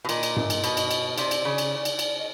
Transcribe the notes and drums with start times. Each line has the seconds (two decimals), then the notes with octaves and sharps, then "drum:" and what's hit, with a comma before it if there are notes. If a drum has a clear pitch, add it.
0.05 B2
0.09 A#2 D#5, drum: cymbal
0.23 drum: cymbal
0.36 drum: tom G2
0.50 drum: cymbal
0.64 B2, drum: cymbal
0.77 drum: cymbal
0.91 drum: cymbal
1.10 D#5
1.18 C3 D5, drum: cymbal
1.31 drum: cymbal
1.45 C#3
1.58 drum: cymbal
1.85 drum: cymbal
1.99 drum: cymbal
2.18 D#5